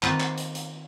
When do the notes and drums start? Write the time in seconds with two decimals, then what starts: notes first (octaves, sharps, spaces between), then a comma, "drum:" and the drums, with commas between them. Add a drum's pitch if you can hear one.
0.03 D#3 A#3 C4 F4 B4 A#5, drum: clap
0.20 drum: clap
0.38 drum: hi-hat
0.55 drum: hi-hat